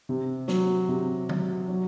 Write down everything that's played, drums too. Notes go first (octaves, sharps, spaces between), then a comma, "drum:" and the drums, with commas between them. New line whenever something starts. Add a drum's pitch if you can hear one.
C3
F#3, drum: snare
C3
F#3, drum: tom D3
F#3